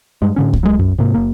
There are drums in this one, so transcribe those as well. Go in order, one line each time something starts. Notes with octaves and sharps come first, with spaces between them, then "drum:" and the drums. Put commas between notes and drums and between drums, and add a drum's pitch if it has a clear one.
G2 G#3
A2 D3 C#4
drum: kick C2
F#3 G#3
F#2
G#2 C3 A#3
F#1 A#3